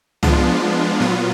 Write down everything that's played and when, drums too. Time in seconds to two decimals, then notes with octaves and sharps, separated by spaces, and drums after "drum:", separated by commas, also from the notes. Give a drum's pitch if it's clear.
0.23 F3 G#3 B3 D4 F4, drum: tom
1.00 A#2 F#3 B3 F4